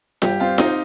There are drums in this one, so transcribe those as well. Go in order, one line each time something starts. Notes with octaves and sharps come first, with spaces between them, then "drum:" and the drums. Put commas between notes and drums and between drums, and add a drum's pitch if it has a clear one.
G2 G4, drum: snare F4
C4 F4
C4 D#4, drum: snare F4